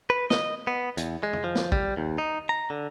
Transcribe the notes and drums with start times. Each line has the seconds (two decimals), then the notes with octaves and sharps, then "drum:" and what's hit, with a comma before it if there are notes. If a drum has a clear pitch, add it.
0.10 B4
0.30 D#5, drum: snare
0.67 B3
0.97 E2, drum: hi-hat
1.23 G#3
1.33 drum: tom F2
1.44 F3
1.55 drum: snare
1.72 G3, drum: kick
1.97 D#2
2.18 D#4
2.49 A#5
2.70 D3